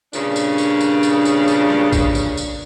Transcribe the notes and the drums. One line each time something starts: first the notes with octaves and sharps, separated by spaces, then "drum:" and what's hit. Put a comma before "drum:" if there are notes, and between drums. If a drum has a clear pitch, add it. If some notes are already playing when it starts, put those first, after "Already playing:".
G2 A#2 C#3 D4, drum: tambourine
drum: tambourine
drum: tambourine
drum: tambourine
drum: tambourine
drum: tambourine
drum: tambourine
drum: rim click
drum: kick, tambourine
drum: tambourine
drum: tambourine